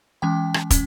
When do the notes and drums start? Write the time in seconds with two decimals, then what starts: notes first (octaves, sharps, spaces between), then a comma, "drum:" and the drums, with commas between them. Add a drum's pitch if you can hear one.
0.22 E3 G#3 C#4 G5
0.54 drum: rim click
0.71 C#4, drum: kick, hi-hat